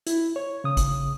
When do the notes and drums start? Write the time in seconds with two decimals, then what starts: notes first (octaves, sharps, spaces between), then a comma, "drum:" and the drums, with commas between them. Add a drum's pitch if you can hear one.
0.07 E4, drum: hi-hat
0.36 C#5
0.64 C#3 D#6
0.77 drum: kick, hi-hat